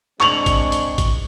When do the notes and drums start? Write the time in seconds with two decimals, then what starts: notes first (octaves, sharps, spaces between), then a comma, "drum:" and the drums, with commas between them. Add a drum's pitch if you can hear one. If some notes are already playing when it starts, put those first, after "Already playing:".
0.20 G#3 C4 D4 C#6 F7 F#7, drum: clap
0.46 drum: kick, hi-hat
0.72 drum: hi-hat
0.98 drum: kick, hi-hat